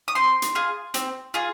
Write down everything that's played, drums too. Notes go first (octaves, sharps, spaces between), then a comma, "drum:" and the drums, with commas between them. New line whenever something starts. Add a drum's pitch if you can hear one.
D#6
C4 C6
drum: hi-hat
F4 G#4
C4, drum: hi-hat
F4 G#4